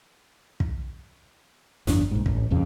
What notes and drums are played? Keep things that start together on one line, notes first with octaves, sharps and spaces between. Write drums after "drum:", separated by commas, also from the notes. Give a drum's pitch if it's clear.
drum: kick
G1 F2 D4, drum: snare
A#1 G#2
A1, drum: kick
D#1 F2 C#3